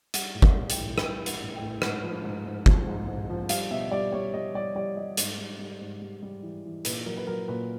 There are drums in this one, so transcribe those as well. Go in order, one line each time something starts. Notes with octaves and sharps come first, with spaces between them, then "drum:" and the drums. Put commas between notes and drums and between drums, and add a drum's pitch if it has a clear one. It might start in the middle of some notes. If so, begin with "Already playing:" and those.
G3 F#5, drum: hi-hat
A2
F#5, drum: kick
G3
G5, drum: hi-hat
E3
G3 G5, drum: rim click
E3
F#5, drum: hi-hat
A2
G5
A2
G#2 F#5, drum: rim click
F3
G#2
G#2
F3, drum: kick
G#2
G#2
F3
G3 F5, drum: hi-hat
B2 E5
G3 D5
G3 C#5
G3 D#5
G3 D5
G3 D5
G3 D#5
G#2, drum: hi-hat
G3
G3
G#2
G3
G3
E3
E3
A#2 B4, drum: hi-hat
F#3 A#4
B4
F#3 A#4
A#2 B4